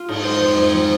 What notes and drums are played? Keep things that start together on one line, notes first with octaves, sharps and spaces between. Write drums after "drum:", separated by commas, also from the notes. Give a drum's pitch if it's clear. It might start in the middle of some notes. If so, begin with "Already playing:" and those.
Already playing: F4
G#2 D#4, drum: cymbal
G#3 C5
F2 C5
F2
F3